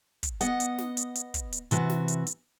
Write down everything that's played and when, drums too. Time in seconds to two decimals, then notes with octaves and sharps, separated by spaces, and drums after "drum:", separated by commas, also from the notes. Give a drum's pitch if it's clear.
0.23 drum: kick, hi-hat
0.41 B3 D#5 F#5, drum: hi-hat
0.60 drum: hi-hat
0.78 drum: snare
0.97 drum: hi-hat
1.15 drum: hi-hat
1.34 drum: kick, hi-hat
1.52 drum: hi-hat
1.71 C3 E3 F#4, drum: hi-hat
1.90 drum: snare
2.08 drum: hi-hat
2.27 drum: hi-hat